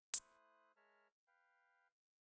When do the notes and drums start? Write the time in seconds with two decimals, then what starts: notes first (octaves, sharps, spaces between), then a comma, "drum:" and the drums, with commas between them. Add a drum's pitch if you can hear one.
0.14 A3 E4 C5 D#6 F#6, drum: hi-hat
0.76 G#3 A#4 C#5 E5 A5 F6
1.27 B4 F5 G5